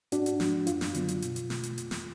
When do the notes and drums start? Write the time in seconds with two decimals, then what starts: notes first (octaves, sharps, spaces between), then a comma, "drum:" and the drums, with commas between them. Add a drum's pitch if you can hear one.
0.12 G#2 D4 F#4, drum: hi-hat
0.26 drum: hi-hat
0.40 F3 G#3, drum: snare
0.67 F#2 F4, drum: hi-hat
0.81 drum: snare
0.95 D3 F#3 B3, drum: hi-hat
1.08 drum: hi-hat
1.22 B2, drum: hi-hat
1.36 drum: hi-hat
1.50 A3, drum: snare
1.63 drum: hi-hat
1.78 F2, drum: hi-hat
1.91 drum: snare